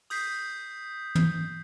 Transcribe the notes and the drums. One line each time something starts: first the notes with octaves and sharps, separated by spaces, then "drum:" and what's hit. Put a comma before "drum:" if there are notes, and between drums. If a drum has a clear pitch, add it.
D#6 G6 B6 C7, drum: open hi-hat
drum: tom